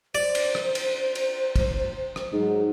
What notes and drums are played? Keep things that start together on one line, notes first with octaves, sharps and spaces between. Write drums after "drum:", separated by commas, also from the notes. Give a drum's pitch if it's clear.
C5 D5
drum: cymbal
drum: rim click
drum: cymbal
drum: cymbal
drum: kick, cymbal
drum: rim click
G#2 F#3